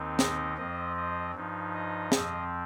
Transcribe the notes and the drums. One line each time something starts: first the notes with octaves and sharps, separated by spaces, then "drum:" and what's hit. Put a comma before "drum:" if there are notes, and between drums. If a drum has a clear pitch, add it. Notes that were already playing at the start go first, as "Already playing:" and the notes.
Already playing: D#2 D#3 C4 D#4
D#5, drum: snare
F2 F3 C4 D#5
D#5
G2 F3 D#4
D#5
F2 F3 C4, drum: snare